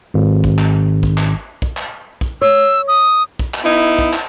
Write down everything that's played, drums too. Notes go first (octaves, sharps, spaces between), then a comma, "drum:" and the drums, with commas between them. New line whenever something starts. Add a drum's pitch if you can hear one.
G#1
drum: kick
drum: clap
drum: kick
drum: clap
drum: kick
drum: clap
drum: kick
C#5 E6
D#6
drum: kick
drum: clap
B3 D#4 E4
drum: kick
drum: clap